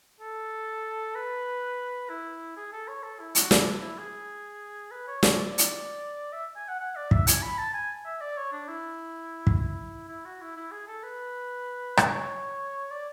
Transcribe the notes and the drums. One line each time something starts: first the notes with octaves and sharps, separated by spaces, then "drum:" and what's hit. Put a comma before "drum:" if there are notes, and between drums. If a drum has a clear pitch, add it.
A4
B4
E4
G#4
A4
C#5
A4
E4
F#4, drum: hi-hat
E4, drum: snare
D4
E4
G#4
B4
C#5
C#5, drum: snare
D5
drum: hi-hat
E5
G#5
F#5
F#5
D5
E5, drum: kick
G#5, drum: hi-hat
B5
A5
G#5
E5
D5
C#5
D4
E4
drum: kick
E4
E4
F#4
E4
E4
G#4
A4
B4
C#5, drum: rim click
D5